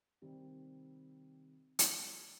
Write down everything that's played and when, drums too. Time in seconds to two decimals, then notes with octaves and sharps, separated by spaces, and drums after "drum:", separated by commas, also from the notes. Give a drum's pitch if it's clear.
0.22 C3 D#3 G3 C4
1.79 drum: hi-hat